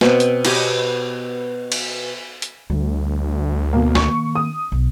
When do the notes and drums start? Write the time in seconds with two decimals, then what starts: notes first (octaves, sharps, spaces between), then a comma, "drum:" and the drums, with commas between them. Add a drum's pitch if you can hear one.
0.01 B2 C4, drum: snare
0.20 drum: hi-hat
0.45 F#4 G4 C#5 D#5, drum: cymbal
1.72 drum: cymbal
2.42 drum: hi-hat
2.70 D2 G3
3.73 B2 A#3
3.95 D#3 A#3 C#6, drum: snare
4.35 D#6
4.72 B1